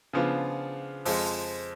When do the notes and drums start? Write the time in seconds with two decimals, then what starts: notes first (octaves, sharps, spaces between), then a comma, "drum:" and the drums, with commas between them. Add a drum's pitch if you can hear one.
0.13 C#3 F3 B3 D4 F4
1.05 F2 F3 G#3, drum: open hi-hat